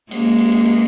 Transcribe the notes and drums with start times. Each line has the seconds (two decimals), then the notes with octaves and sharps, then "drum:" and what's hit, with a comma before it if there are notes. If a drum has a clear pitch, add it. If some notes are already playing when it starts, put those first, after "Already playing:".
0.11 G#3 A#3, drum: cymbal
0.39 drum: cymbal
0.52 drum: cymbal
0.65 drum: cymbal